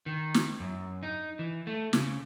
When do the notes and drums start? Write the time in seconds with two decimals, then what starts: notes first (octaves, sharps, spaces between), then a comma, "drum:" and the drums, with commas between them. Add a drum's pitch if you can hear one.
0.06 D#3
0.34 drum: snare
0.60 F#2
1.03 D#4
1.39 E3
1.67 A3
1.93 C#3, drum: snare